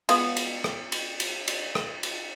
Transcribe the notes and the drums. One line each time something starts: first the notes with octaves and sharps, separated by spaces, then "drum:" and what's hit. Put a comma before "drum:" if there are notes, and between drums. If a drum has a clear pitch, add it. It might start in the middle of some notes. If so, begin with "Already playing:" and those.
G#3 B3 F4, drum: cymbal
drum: cymbal
drum: rim click
drum: cymbal
drum: cymbal
drum: cymbal
drum: rim click
drum: cymbal